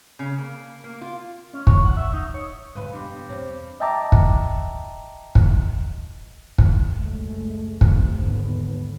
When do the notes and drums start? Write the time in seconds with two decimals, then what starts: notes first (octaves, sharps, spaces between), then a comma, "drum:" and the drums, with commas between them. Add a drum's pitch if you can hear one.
0.19 C#3
0.38 A#3
0.84 A#3
1.01 F4
1.54 C#4
1.67 C#5, drum: kick
1.85 F#5
1.97 E5
2.13 D#4
2.34 C#5
2.75 F2 G#2 D3 E3 G#3 B4 F5 B5
2.93 G2 B2 G4
3.29 E2 B2 C4 C5 C#5
3.80 D#5 E5 G5 A5 A#5 D6
4.12 drum: kick
5.35 drum: kick
6.58 drum: kick
6.92 F#1 C#2 F#2 A#2 G#3 A3
7.81 A1 E2 A2 C3 F3, drum: kick
8.16 D#2 G#2 D3 B3